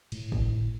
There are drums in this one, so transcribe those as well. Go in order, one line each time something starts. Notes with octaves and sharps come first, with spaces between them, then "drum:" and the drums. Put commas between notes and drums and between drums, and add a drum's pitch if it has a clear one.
A2, drum: cymbal
drum: kick